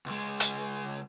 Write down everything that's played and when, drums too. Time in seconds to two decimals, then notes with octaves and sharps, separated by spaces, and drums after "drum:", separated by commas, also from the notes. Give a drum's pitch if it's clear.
0.06 C#2 G#3
0.40 drum: hi-hat